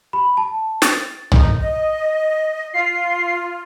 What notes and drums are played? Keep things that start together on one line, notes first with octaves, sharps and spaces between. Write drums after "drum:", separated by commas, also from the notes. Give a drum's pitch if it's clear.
B5
A5
A6, drum: snare
D#4, drum: tom
D#5
F4 C7